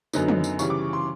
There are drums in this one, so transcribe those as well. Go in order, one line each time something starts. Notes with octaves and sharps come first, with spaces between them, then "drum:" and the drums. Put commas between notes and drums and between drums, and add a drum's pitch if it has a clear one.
F#2 D3 F#3 B3 D#4, drum: tambourine
drum: tom
drum: tambourine
C#3 E3 G3 C#6, drum: tambourine
D6
C6